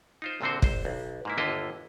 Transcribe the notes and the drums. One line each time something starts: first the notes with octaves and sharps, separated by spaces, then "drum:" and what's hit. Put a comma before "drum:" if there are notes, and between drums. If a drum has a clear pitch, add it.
D#4 F4 C5
C2 A#2 D3 C4 F#4 C5
A#1 C5, drum: kick
B1
G#2 A#3 E4
G1 D#2 D3 E4 F4 D#5